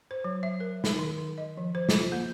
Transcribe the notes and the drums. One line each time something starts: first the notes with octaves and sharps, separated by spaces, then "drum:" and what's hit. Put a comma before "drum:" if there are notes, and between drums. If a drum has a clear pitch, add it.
C5
F#3
E5
A#4
D#4, drum: snare
D#3
D#5
F3
C5
F4, drum: snare
A#3